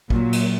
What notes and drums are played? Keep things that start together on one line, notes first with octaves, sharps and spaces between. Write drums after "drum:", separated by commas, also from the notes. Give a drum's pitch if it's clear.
A#2 F#3, drum: kick A1
drum: cymbal